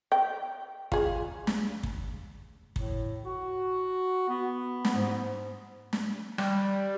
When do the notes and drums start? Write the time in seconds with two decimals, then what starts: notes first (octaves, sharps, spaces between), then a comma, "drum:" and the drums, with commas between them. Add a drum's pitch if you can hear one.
0.12 G5
0.92 F4 G#4, drum: kick
1.47 drum: snare
1.83 drum: kick
2.76 A2, drum: kick
3.25 F#4
4.29 B3
4.85 drum: snare
4.95 G#2
5.93 drum: snare
6.38 G3, drum: rim click